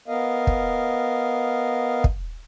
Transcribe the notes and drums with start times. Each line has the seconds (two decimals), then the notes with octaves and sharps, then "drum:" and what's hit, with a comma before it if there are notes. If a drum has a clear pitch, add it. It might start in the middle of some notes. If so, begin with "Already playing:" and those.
0.08 B3 A#4 D#5 F5
0.47 drum: kick
2.04 drum: kick